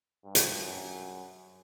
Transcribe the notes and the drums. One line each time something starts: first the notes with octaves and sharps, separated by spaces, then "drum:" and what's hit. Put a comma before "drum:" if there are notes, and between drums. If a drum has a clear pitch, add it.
G2
drum: hi-hat
F#2